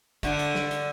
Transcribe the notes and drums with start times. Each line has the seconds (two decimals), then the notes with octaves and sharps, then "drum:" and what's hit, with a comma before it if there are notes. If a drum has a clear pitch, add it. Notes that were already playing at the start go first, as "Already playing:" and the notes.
0.23 D3 A3, drum: kick, hi-hat
0.39 drum: hi-hat
0.55 drum: snare
0.71 drum: hi-hat